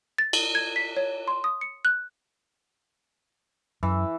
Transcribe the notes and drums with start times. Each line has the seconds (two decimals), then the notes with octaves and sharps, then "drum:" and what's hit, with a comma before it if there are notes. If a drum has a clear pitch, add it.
0.18 A6
0.33 F#7, drum: cymbal
0.55 G#6
0.76 B6
0.97 C#5
1.28 C6
1.44 D#6
1.61 C#7
1.85 F#6
3.83 F#2 E3